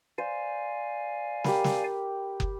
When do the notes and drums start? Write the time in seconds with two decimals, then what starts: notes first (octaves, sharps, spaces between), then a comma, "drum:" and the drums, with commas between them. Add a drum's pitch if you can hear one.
0.18 C5 D5 F5 G#5
1.44 G4 A#4 B5, drum: snare
1.64 drum: snare
2.40 drum: kick